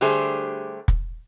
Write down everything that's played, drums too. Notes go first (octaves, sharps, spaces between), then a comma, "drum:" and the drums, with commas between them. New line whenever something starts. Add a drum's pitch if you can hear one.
D3 G3 A3 G4 G#4 C5
drum: kick